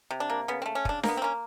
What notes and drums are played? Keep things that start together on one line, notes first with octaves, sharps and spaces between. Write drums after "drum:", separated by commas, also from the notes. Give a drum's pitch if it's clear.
C3
D4
A#3
C#3 B3
C4
A3
C#4
C#3 D4, drum: kick
A#3, drum: snare D4
B3
C4
A#3 C#4